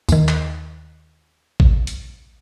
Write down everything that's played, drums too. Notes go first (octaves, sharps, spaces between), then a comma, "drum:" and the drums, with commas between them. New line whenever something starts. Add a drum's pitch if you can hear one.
D#2 D#3, drum: tambourine
drum: clap
drum: kick A1
drum: hi-hat